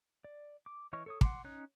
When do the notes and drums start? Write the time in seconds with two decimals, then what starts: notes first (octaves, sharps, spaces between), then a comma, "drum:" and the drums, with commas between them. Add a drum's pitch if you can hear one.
0.24 D5
0.66 D6
0.93 E3 C#5 D#5 C#6 F6
1.06 A4 C#5 D#6
1.21 F#5 C6 D6, drum: kick
1.44 C#4 D#4 C#5 F#6